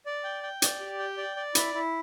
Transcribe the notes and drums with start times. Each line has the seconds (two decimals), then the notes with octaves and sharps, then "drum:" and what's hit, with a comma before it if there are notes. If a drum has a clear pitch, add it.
0.06 D5
0.24 G5
0.43 G5
0.62 D5, drum: hi-hat
0.80 G4
0.99 G5
1.17 D5
1.36 D5
1.55 E4, drum: hi-hat
1.74 E4